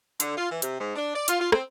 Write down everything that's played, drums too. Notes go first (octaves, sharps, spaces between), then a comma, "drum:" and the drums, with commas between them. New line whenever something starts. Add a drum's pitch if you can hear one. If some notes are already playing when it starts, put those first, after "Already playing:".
D3, drum: hi-hat
F4
E3
C3, drum: hi-hat
G#2
D4
D5
F4, drum: hi-hat
F4
C4, drum: rim click